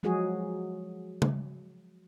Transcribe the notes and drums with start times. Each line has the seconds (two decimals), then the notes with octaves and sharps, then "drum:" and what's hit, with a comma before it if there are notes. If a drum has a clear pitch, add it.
0.03 F3 F#3 G#3 F#4 G#4
1.22 drum: tom C#3